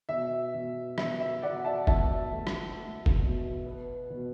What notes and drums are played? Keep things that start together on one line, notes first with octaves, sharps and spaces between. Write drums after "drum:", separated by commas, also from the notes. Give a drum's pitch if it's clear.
B2 E5
B2
B2 E5, drum: rim click
E5
B2 D5 F#5
E5 A5
B2 E5 A5, drum: kick
A3
drum: rim click
A3
drum: kick
B2
B3
B2